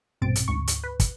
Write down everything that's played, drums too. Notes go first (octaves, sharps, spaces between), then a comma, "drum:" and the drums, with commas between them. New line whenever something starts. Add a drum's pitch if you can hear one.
A#1 G2 B2 C4 A6 D7
drum: hi-hat
D2 G#2 C#6
drum: hi-hat
B4
drum: kick, hi-hat